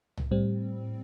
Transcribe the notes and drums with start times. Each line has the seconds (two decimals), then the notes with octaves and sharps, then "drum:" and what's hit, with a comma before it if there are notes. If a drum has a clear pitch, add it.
0.17 drum: tom C2
0.31 A2 G3 C4